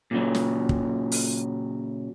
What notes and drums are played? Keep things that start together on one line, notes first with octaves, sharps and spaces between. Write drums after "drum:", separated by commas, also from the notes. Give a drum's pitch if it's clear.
A#2 C#3 F#3
drum: snare
drum: kick
drum: open hi-hat